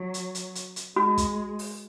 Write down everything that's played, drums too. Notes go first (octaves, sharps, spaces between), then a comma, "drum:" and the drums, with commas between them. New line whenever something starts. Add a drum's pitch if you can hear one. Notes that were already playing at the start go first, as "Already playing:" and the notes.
Already playing: F#3
drum: hi-hat
drum: hi-hat
drum: hi-hat
drum: hi-hat
G#3 F#4
drum: kick, hi-hat
drum: open hi-hat